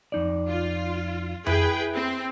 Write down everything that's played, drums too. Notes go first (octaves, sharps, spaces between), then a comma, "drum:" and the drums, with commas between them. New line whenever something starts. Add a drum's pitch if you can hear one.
F2 D#4 D5
F4
E4 G#4 B4 G5, drum: tom F2
C4